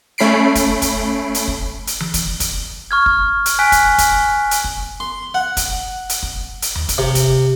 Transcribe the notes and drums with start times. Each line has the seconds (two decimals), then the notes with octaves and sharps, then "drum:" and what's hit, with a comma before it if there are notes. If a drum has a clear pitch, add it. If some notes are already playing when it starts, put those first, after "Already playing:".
0.18 A3 C#4 B5 C7 D7
0.55 drum: kick, hi-hat
0.82 drum: kick, hi-hat
1.35 drum: hi-hat
1.48 drum: kick
1.87 drum: hi-hat
2.00 drum: tom E3
2.14 drum: kick, hi-hat
2.40 drum: kick, hi-hat
2.91 C#6 F6 G#6
3.06 drum: kick
3.46 drum: hi-hat
3.59 G#5 F#6 B6 D7
3.72 drum: kick, hi-hat
3.98 drum: kick, hi-hat
4.51 drum: hi-hat
4.64 drum: kick
5.00 C6
5.34 F#5
5.57 drum: kick, hi-hat
6.09 drum: hi-hat
6.23 drum: kick
6.62 drum: hi-hat
6.75 drum: tom D#2
6.89 drum: kick, hi-hat
6.98 C3
7.15 drum: kick, hi-hat